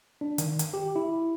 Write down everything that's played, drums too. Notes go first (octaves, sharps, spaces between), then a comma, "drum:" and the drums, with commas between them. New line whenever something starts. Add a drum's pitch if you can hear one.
D4
D#3, drum: hi-hat
drum: hi-hat
G4
E4